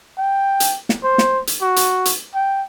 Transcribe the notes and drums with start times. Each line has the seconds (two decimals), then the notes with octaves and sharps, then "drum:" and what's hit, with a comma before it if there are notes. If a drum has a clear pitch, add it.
0.18 G5
0.60 drum: hi-hat
0.89 drum: snare
1.04 C5
1.18 drum: snare
1.47 drum: hi-hat
1.62 F#4
1.76 drum: hi-hat
2.05 drum: hi-hat
2.35 G5